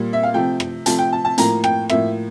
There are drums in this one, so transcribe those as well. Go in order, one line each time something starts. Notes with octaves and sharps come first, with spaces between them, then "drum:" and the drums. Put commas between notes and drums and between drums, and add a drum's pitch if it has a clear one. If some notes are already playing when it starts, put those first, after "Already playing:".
Already playing: A#2 G3 A#3
E5
F5
C3 F3 A3 G5
drum: rim click
C3 F3 A3 A5, drum: hi-hat
G5
A5
A5
A2 F3 A#3 A#5, drum: hi-hat
G5, drum: rim click
A2 F3 A#3 E5, drum: rim click